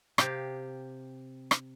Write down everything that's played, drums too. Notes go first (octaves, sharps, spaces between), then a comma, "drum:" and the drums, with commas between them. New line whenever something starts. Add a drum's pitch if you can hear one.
C3 G4 F5, drum: rim click
drum: rim click